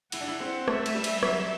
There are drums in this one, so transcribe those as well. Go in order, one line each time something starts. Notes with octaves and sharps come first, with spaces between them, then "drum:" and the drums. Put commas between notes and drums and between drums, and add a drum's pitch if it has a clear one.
E4 F#5, drum: cymbal
D4
E4
C4
A3 E5, drum: rim click
drum: cymbal
G3
drum: cymbal
F#3, drum: rim click
G3